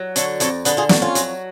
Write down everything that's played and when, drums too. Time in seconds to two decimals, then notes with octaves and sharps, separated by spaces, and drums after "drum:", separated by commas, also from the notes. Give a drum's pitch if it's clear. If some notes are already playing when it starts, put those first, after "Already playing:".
Already playing: F#3
0.16 D3 A4 C#5, drum: hi-hat
0.40 F2 A4 C#5, drum: hi-hat
0.65 D3 G#4 B4, drum: hi-hat
0.77 F4 G#4
0.89 F2 D4 F#4, drum: snare
1.02 C#4 F4
1.15 F#3, drum: hi-hat